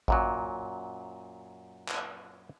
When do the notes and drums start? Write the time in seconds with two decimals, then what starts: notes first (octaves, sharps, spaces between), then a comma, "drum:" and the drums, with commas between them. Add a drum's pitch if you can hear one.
0.08 F#2 A#2 F#3, drum: kick A1
1.89 drum: clap